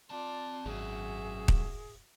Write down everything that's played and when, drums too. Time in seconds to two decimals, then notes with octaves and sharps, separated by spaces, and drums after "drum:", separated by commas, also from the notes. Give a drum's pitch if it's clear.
0.10 C4 F4 D5 A5
0.65 G#1 F#2 B2 F#4 G#4 E5
1.48 drum: kick